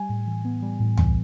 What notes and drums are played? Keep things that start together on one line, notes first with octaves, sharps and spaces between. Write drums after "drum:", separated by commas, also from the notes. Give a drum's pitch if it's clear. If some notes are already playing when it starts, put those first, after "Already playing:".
Already playing: G3 G#5
A2
E3
B3
G3
A2
E3, drum: tom